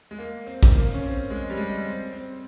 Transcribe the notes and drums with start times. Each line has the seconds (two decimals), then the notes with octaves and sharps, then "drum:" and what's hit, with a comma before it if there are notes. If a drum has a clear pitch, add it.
0.11 G#3
0.19 A#3
0.46 C4
0.63 drum: kick
0.75 A#3
0.93 C#4
1.03 C4
1.30 G#3
1.50 G3
1.57 G#3
1.85 C4
2.12 C4